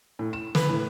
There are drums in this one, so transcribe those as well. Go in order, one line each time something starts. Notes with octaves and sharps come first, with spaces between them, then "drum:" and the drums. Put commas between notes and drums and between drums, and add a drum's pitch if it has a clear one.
A2
E7
B4, drum: snare
A2